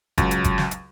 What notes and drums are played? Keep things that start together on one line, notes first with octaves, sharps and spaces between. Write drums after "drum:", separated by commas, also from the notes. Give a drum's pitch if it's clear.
C#2 F#3, drum: kick F#1, hi-hat
drum: hi-hat
drum: kick F#1, hi-hat
drum: snare
drum: hi-hat